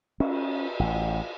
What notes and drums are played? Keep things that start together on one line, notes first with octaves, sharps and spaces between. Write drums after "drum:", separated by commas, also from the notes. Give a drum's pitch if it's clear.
C#4, drum: cymbal
A1